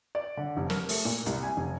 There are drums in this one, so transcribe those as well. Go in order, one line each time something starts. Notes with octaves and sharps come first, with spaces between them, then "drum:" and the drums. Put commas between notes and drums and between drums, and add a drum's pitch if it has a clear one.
D5
D3
F1
A#4, drum: snare
A3, drum: open hi-hat
A#2
C2, drum: hi-hat
G#5
F1